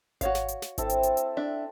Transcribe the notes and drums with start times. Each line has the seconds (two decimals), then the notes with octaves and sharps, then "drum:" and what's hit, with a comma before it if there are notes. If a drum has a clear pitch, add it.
0.21 F#4 C#5 F5, drum: kick G#1, hi-hat
0.35 drum: snare
0.48 drum: hi-hat
0.62 drum: snare
0.78 C4 E4 A4, drum: kick G#1, hi-hat
0.90 drum: hi-hat
1.03 drum: hi-hat
1.17 drum: hi-hat
1.37 D4 E5